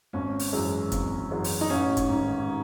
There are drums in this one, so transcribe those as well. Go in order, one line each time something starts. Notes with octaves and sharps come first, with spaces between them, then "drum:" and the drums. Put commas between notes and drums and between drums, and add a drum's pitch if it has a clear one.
G#1 C#4
drum: open hi-hat
F#2 E3 G#3
G#1, drum: kick, hi-hat
F#2 E3 G#3
drum: open hi-hat
D#4
A1 C#4
drum: kick, hi-hat
G#2 D#3